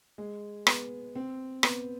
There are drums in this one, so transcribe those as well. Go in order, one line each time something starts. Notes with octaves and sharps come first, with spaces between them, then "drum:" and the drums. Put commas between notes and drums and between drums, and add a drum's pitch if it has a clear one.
G#3
B3, drum: rim click
C4
B3, drum: rim click